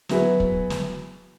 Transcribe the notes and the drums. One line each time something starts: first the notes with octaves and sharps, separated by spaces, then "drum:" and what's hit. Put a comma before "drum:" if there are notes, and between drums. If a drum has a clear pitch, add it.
F#3 B3 E4 G#4 B4, drum: snare
drum: kick
drum: snare